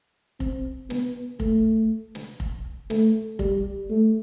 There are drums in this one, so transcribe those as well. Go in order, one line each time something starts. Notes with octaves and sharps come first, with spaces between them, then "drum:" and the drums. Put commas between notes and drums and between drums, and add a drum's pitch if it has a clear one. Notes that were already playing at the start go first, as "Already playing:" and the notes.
C4, drum: kick F1
B3, drum: snare
A3, drum: kick F1
drum: snare
drum: kick F1
A3, drum: snare
G3, drum: kick F1
A3